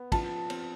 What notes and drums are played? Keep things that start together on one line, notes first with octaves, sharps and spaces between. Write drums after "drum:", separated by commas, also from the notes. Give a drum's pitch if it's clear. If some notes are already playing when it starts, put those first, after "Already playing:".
Already playing: B3
F3 A5, drum: kick, cymbal
C4, drum: cymbal